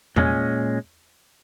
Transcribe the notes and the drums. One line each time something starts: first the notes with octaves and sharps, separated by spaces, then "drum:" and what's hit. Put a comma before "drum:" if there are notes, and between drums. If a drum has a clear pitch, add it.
A#2 G#3 C#4, drum: tom E2